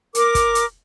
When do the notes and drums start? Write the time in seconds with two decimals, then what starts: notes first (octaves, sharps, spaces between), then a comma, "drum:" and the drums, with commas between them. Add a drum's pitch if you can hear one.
0.15 A#4 D6, drum: hi-hat
0.35 drum: kick, hi-hat
0.55 drum: hi-hat